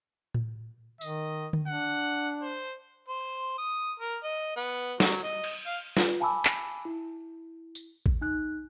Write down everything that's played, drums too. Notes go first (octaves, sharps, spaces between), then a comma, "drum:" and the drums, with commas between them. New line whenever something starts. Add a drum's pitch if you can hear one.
drum: tom A2
D#3 D#5, drum: tambourine
drum: tom D3
D4 F#5
C5
C5
D#6
A#4
D#5
B3
F#3, drum: snare
D#5
drum: cymbal
F5
F4 B4, drum: snare
F5 G#5 A5 B5 D6 E6
drum: clap
E4
drum: tambourine
drum: kick A1
D#4 F#6